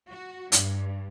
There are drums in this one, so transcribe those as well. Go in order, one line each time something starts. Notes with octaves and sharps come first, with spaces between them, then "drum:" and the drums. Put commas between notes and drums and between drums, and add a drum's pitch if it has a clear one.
F#4
G2, drum: hi-hat